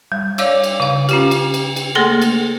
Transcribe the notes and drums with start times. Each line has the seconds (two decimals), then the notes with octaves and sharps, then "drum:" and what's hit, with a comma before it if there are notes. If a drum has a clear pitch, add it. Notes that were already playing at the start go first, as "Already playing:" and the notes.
0.12 G3
0.38 C#5 D5 F5 D6 E6, drum: cymbal
0.64 drum: cymbal
0.80 C#3 F5
1.09 C#4 F4 G4, drum: cymbal
1.31 drum: cymbal
1.54 drum: cymbal
1.76 drum: cymbal
1.95 A3 A#3 G#4 A4 C6 A#6
2.22 drum: cymbal